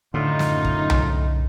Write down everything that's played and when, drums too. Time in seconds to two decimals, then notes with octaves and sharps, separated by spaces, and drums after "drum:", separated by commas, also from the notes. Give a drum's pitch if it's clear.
0.14 F#2 A2 D3 D#4 F4
0.39 drum: snare
0.65 drum: kick
0.90 drum: tom C2